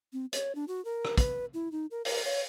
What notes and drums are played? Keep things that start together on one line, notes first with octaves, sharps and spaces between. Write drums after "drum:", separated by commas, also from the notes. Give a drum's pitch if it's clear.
C4
C#5, drum: hi-hat
D4
F#4
A#4
drum: rim click
B4, drum: kick, hi-hat
E4
D#4
A#4
A#4, drum: open hi-hat
C#5